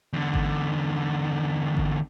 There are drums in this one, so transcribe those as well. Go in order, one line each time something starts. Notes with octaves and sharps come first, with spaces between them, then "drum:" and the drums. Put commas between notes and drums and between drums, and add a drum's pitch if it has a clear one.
E2 D3
drum: kick G#1
drum: kick G#1